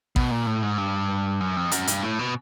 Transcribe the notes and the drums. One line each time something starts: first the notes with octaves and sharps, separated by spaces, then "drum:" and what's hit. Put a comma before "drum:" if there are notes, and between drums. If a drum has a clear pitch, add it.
B2, drum: kick A1
A#2
A2
G#2
G2
F#2
F2
F#2, drum: hi-hat
G2, drum: hi-hat
A2
B2